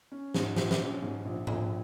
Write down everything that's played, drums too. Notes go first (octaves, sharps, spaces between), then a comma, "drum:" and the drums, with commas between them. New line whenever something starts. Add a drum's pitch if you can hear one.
C#4
G#2, drum: snare
A#1, drum: snare
drum: snare
C#4
G#2
A#1
A#1, drum: tom G#2